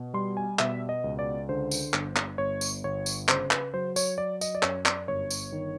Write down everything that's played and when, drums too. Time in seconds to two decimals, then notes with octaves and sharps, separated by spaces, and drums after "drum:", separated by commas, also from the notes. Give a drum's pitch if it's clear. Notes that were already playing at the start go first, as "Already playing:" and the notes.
Already playing: B2
0.14 G3 C6
0.37 G#5
0.59 B2 E5, drum: clap
0.89 D#5
1.04 C#2
1.19 D5
1.49 D3 C5
1.71 drum: tambourine
1.94 G1, drum: clap
2.16 drum: clap
2.38 G1 C#5
2.61 drum: tambourine
2.84 G1 C#5
3.06 drum: tambourine
3.28 C#3 C5, drum: clap
3.51 B4, drum: clap
3.74 F#3 C5
3.96 C#5, drum: tambourine
4.18 F#3 D5
4.41 D#5, drum: tambourine
4.55 D5
4.63 F#2 C#5, drum: clap
4.86 D5, drum: clap
5.08 G1 C#5
5.31 drum: tambourine
5.52 D#3